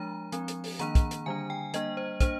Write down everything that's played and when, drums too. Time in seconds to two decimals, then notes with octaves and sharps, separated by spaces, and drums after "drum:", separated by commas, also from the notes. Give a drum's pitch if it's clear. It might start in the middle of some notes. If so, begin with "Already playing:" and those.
Already playing: F3 G#3 D4 A#5
0.32 F3 C4, drum: hi-hat
0.48 drum: hi-hat
0.64 drum: open hi-hat
0.79 D#3 A#3 D4 A#5, drum: hi-hat
0.95 drum: kick, hi-hat
1.11 drum: hi-hat
1.26 D3 G3 D4 G#5
1.50 G5
1.74 G3 A#3 D4 D#5, drum: hi-hat
1.97 C5
2.20 A#3 D4 C5, drum: kick, hi-hat